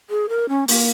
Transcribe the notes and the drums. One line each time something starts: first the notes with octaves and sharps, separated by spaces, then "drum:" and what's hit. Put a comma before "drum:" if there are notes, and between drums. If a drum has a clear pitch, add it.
G#4
A#4
C#4
A#3, drum: open hi-hat